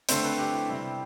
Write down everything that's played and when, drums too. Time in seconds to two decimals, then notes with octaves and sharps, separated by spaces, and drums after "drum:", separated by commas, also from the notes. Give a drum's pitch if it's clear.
0.09 D3 A3 C4 C5, drum: hi-hat
0.24 B4
0.39 G4
0.53 E4
0.69 C3 G3 C4